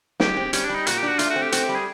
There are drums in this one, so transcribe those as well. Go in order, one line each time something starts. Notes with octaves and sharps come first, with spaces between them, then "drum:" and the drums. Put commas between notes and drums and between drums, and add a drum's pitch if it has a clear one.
G#3 G4, drum: snare
C4
G3 C#4, drum: hi-hat
D4
G3
D#4
A#2 F#4, drum: hi-hat
G4
D4 F#4
A3 F4, drum: hi-hat
F#4
C4
G4
C4 F#4, drum: hi-hat
G4
G3
G#4